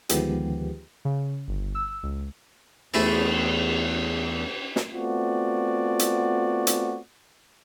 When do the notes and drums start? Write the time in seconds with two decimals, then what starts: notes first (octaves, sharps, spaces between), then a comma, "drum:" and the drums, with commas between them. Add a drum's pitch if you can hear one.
0.09 D2 D#3 F3 G#3 B3 G4, drum: hi-hat
1.05 C#3
1.48 G1
1.75 E6
2.03 C#2
2.94 E2 A3 E4 G#4, drum: cymbal
4.76 drum: snare
4.91 A3 B3 C4 F4 F#4 D5
5.99 drum: hi-hat
6.67 drum: hi-hat